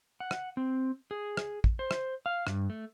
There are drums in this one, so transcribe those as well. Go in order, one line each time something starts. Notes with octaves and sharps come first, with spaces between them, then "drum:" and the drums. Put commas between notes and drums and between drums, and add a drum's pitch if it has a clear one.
F#5
drum: rim click
C4
G#4
drum: rim click
drum: kick
C5
drum: rim click
F5
G2, drum: rim click
A3